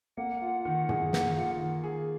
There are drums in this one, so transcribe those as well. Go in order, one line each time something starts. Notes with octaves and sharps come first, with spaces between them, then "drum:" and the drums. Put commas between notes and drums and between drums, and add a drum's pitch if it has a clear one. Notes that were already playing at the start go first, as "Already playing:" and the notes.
A#3 F#5
F4
D#3
G#4, drum: tom
A#3, drum: snare
F4
D#3
G#4